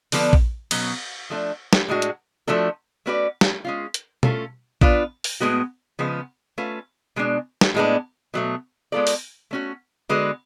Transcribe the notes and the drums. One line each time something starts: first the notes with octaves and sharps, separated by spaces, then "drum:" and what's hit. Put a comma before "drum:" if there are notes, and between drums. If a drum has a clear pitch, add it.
D3 F3 B3 D4, drum: open hi-hat
drum: kick A#1
B2 F#3 C#4, drum: cymbal
F3 A3 D4
drum: snare
A2 G#3 D4 F#4
drum: hi-hat
F3 A3 D4 F#4 A4
A3 C#4 F#4 B4 D5
drum: snare
G#3 C#4 F4
drum: hi-hat
A3 C#4 F4 A4, drum: tom
B3 D4 F4 B4, drum: kick A#1
drum: open hi-hat
A2 F3 G#3 B3 F#4
C#3 F3 G#3 B3
A3 C#4 F4 B4
B2 G#3 D4
drum: snare
A2 G#3 B3 D4
B2 F#3 A3
G#3 B3 F4 A4 D5
drum: open hi-hat
A3 C#4 F#4
D3 G#3 B3 F#4 B4